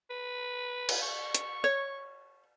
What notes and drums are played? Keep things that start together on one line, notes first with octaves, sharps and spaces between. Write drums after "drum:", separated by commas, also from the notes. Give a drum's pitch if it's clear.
B4
drum: cymbal
C#6
drum: hi-hat
C#5